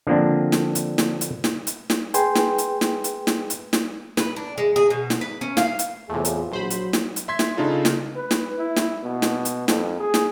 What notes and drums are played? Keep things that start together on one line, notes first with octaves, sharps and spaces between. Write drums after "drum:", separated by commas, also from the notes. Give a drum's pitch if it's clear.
D3 F3 A#3 C4 D4
drum: snare
drum: hi-hat
drum: snare
drum: hi-hat
drum: snare
drum: hi-hat
drum: snare
G#4 B4 G5 G#5 C6, drum: hi-hat
drum: snare
drum: hi-hat
drum: snare
drum: hi-hat
drum: snare
drum: hi-hat
drum: snare
B4, drum: snare
D4
G#3
G#4
B2
drum: snare
B4
C#4
F5, drum: snare
drum: hi-hat
E2 A2 C3 F4 G#4
drum: hi-hat
A#1 F#3 C5 B5
drum: hi-hat
drum: snare
drum: hi-hat
E5 C6 G#6 B6
drum: snare
C#3 D4 D#4 F4 A4
drum: snare
B4
drum: snare
E4
drum: snare
B2
drum: snare
drum: hi-hat
F2, drum: snare
G#4
drum: snare